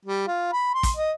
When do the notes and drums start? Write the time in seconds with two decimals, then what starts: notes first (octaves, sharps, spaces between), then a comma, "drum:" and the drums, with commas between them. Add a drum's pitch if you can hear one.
0.05 G3
0.27 F4
0.53 B5
0.74 C6
0.83 drum: kick, hi-hat
0.97 D#5